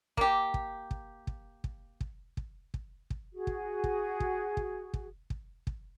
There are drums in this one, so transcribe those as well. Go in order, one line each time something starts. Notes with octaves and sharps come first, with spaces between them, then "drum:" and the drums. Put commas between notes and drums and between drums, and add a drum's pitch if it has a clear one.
A#3 G4, drum: kick
drum: kick
drum: kick
drum: kick
drum: kick
drum: kick
drum: kick
drum: kick
drum: kick
F#4 G#4
drum: kick
drum: kick
drum: kick
drum: kick
drum: kick
drum: kick
drum: kick